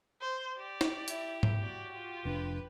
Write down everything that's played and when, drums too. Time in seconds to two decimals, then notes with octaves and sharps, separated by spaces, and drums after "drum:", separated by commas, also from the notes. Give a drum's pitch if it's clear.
0.21 C5
0.58 G4 D5
0.81 drum: snare
1.08 E4, drum: hi-hat
1.43 drum: tom
1.61 F#4 D5
1.93 F4
2.25 F1 D4 B4